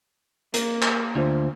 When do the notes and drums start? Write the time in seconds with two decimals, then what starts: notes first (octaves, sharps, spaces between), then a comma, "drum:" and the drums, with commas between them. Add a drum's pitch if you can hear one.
0.54 A#3 A#4, drum: hi-hat
0.82 drum: clap
1.15 D2 D4 F4 C5